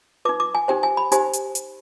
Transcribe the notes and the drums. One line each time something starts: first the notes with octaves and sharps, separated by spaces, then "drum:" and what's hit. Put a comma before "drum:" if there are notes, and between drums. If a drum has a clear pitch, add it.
D#4 B4 D6
D6
G#5
D#4 G4 C5 G5
G#5
B5
D#4 G4 C5 G#5, drum: hi-hat
drum: hi-hat
drum: hi-hat